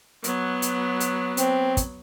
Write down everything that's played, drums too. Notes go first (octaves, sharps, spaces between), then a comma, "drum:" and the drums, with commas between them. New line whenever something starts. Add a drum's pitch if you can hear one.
F#3 B3, drum: hi-hat
drum: hi-hat
drum: hi-hat
C4, drum: hi-hat
drum: kick, hi-hat